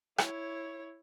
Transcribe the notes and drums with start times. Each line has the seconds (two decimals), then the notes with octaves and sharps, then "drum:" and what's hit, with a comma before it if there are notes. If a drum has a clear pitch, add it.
0.18 E4 C#5, drum: rim click